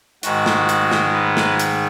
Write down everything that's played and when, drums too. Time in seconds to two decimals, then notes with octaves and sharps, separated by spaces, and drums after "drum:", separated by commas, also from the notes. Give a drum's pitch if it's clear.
0.23 G#2 D#3 G#3 F#4, drum: hi-hat
0.46 drum: snare
0.69 drum: hi-hat
0.91 drum: snare
1.14 B4
1.37 drum: snare
1.59 drum: hi-hat